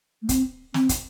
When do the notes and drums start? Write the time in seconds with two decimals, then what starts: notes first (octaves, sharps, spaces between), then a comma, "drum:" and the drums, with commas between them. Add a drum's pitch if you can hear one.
0.22 A3
0.29 C4, drum: kick, hi-hat
0.74 C4, drum: snare
0.89 drum: kick, hi-hat